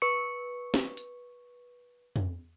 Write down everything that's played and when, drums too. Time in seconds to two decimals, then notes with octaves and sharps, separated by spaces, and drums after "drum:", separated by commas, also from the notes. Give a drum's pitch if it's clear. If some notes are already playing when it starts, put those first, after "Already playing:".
0.02 B4 C#6 C#7
0.74 drum: snare
0.97 drum: hi-hat
2.16 drum: tom